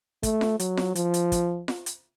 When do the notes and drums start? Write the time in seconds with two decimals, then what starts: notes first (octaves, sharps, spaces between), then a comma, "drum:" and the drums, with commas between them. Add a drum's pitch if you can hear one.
0.23 A3, drum: kick, hi-hat
0.41 drum: snare F4
0.60 F#3, drum: hi-hat
0.77 drum: snare F4
0.95 F3, drum: hi-hat
1.14 drum: hi-hat
1.32 drum: kick, hi-hat
1.68 drum: snare F4
1.86 drum: hi-hat